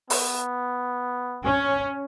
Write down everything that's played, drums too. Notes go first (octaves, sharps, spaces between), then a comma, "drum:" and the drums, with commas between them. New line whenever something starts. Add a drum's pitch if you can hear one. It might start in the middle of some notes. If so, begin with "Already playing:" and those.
B3, drum: open hi-hat
C#4